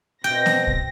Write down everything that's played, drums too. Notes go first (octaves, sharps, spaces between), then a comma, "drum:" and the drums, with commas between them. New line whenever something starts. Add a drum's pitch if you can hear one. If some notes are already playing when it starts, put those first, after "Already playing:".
B2 C4 G5 A#6
drum: snare
drum: kick